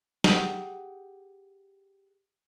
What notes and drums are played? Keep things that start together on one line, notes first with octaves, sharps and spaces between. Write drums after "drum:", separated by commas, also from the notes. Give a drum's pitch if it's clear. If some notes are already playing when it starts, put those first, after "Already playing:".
G4 G#4 F#5, drum: snare